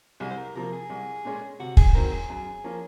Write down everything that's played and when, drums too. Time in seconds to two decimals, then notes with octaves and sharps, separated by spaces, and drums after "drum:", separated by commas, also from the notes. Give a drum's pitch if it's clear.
0.20 C2 G#4
0.31 C5
0.37 A#4
0.55 C3 F3 A#3 A#4
0.72 G#4
0.90 C2
1.25 A#2 G#3 C#4
1.60 C3 F#4
1.77 G#4, drum: kick
1.94 D#3 F#3 C4 A#4
2.12 G#4
2.30 F#2
2.64 F3 A#3 C#4